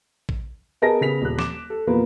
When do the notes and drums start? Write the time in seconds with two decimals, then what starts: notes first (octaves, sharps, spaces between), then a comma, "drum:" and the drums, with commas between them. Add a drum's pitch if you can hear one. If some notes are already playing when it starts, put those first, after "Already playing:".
0.29 drum: kick
0.82 B3 G#4 A#4 D#5 A5 A#6
1.01 C#3 B3 G#4 B6 F7
1.21 D#1 F#6
1.39 D6 E7, drum: snare
1.70 A4
1.87 E2 A#2 F3 A#3 A#4 B4